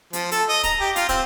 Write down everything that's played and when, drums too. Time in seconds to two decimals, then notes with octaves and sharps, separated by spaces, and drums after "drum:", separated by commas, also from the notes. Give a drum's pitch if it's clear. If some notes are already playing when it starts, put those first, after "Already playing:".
0.13 F3, drum: hi-hat
0.31 A4, drum: hi-hat
0.49 D#5
0.63 A#5, drum: kick, hi-hat
0.81 G4
0.96 F4, drum: hi-hat
1.09 C4, drum: kick, hi-hat